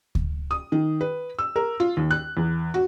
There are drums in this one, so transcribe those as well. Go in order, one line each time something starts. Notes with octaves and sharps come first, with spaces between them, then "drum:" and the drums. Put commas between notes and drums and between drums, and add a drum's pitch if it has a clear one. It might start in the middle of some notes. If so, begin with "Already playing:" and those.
drum: kick D2
D#6
D#3
B4
E6
A#4
F4
D#2
F#6
E2
F#4